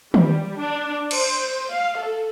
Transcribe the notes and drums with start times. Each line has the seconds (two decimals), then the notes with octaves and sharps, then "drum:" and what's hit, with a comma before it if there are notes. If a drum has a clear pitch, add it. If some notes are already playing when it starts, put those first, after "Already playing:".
0.14 G3, drum: tom D#3
0.59 D4
1.11 C5, drum: cymbal
1.71 F5
2.00 A4